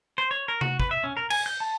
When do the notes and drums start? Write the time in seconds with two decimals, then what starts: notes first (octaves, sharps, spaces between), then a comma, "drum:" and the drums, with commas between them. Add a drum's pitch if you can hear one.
0.18 C5
0.31 C#5
0.48 A#4
0.61 F#4, drum: tom C3
0.80 B4, drum: kick
0.91 E5
1.04 C#4
1.17 A#4
1.30 G#5, drum: cymbal
1.46 G6
1.60 A5